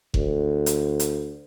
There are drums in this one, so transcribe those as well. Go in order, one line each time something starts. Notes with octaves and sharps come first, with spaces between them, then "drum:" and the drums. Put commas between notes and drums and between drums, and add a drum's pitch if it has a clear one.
D2, drum: kick F#1
drum: hi-hat
drum: hi-hat